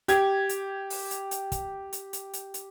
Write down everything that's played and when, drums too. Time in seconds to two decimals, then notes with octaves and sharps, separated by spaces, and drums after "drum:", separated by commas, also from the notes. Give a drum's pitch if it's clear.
0.08 G4 G#6, drum: hi-hat
0.49 drum: hi-hat
0.90 drum: open hi-hat
1.11 drum: hi-hat
1.31 drum: hi-hat
1.52 drum: kick, hi-hat
1.93 drum: hi-hat
2.13 drum: hi-hat
2.33 drum: hi-hat
2.54 drum: hi-hat